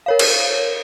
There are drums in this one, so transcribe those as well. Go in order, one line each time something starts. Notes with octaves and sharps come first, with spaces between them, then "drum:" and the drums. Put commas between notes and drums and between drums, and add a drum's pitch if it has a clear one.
A#4 C#5 F5
drum: cymbal